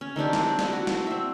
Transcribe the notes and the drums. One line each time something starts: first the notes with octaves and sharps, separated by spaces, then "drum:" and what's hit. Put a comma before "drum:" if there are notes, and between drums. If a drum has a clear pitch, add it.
C#4
D#3 C4 D4 G4
E4, drum: snare
D5
drum: snare
F#4
drum: snare
C4 E5